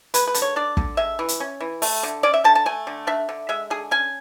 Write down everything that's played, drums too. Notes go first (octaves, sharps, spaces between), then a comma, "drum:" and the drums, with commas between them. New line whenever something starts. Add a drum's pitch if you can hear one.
G#3 B4, drum: hi-hat
B4
D3, drum: hi-hat
C#5
D4 D5
D3, drum: kick
G#3 E5
E3
drum: hi-hat
C#4
E3
A3, drum: open hi-hat
D3
C#4 D5
E5
D3 A5
A5
A3 G#5
D3
D4 E5
D3
G#3 E5
D3 G#4
C#4 G#5